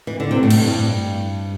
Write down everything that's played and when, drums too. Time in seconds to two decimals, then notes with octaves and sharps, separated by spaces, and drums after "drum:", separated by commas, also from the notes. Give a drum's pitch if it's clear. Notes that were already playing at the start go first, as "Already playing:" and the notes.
0.07 E3
0.20 D3
0.31 C3
0.43 A2
0.51 F#2, drum: cymbal
0.55 G2
0.68 G2